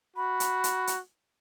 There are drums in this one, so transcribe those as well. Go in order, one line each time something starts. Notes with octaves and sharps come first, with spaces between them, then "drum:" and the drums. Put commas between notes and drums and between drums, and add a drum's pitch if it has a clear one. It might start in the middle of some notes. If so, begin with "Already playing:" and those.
F#4 B5
drum: hi-hat
drum: hi-hat
drum: hi-hat